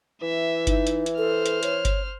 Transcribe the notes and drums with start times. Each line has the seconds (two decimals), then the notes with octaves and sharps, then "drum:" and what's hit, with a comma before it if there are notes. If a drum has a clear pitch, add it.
0.22 E3 E5
0.67 D#4, drum: kick G1, hi-hat
0.87 drum: hi-hat
1.06 drum: hi-hat
1.18 A4 C5 F6
1.46 drum: hi-hat
1.63 C#5, drum: hi-hat
1.85 drum: kick G1, hi-hat